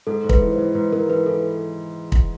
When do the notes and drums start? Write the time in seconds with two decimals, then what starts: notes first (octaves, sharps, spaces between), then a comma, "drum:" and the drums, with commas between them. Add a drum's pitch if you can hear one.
0.07 G#2 A4
0.24 G#2
0.29 B4, drum: kick
0.41 E3
0.52 C5
0.58 E3
0.75 G#2 B4
0.92 G#2 A#4
1.09 E3 B4
1.26 E3 A4
2.12 drum: kick